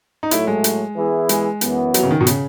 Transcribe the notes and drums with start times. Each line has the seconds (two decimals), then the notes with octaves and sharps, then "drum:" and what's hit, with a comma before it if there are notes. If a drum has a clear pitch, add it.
0.23 D#4
0.31 A2 F#3 A3 E4, drum: hi-hat
0.47 G#3
0.64 drum: hi-hat
0.96 E3 B3 E4 G#4
1.29 G#3, drum: hi-hat
1.61 F#2 E3 B3, drum: hi-hat
1.94 F#3, drum: hi-hat
2.03 C#3
2.11 D#3
2.21 B2
2.27 C#3, drum: hi-hat